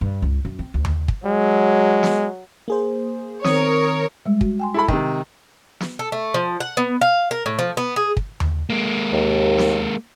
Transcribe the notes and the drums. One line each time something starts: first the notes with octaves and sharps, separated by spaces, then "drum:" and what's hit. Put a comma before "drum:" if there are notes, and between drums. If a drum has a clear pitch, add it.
G2
C#2
F#2
C4
D2
drum: tom D#2
drum: kick
F#3 G#3
drum: snare
A#3 G#4 C5
D#3 C4 A#4 C#5 D#6, drum: snare
G3 G#3
G#3 F#4, drum: kick
G5 G#5 C6
E4 A4 B5
C3 D#3, drum: kick
drum: snare
A4
A3
F3
F#5
B3
F5
A#4
A2
F3
B3
G#4
drum: kick
drum: tom D#2
G#3 A#3
D#2
drum: snare